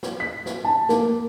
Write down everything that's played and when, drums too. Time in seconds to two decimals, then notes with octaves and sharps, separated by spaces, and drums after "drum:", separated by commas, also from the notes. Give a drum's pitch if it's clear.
0.03 drum: snare
0.20 B6
0.46 drum: snare
0.65 A5
0.89 A#3, drum: snare